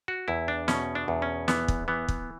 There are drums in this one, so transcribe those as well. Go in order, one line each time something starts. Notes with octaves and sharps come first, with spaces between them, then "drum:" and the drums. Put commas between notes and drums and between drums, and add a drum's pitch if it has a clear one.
F#4
E2 E4
D4
B2 C#4, drum: snare
D4
E2
C#4
E3 B3, drum: snare
drum: kick
E3 B3
drum: kick